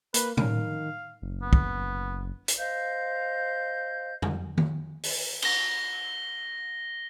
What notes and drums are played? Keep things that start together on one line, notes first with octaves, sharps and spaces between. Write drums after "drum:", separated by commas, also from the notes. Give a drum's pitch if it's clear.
A#3 B4, drum: hi-hat
D#3 F5, drum: tom A2
F#1
B3
drum: kick
drum: hi-hat
C5 D#5 F5 G6
drum: tom F2
drum: tom D#3
drum: open hi-hat
A#6 G7, drum: cymbal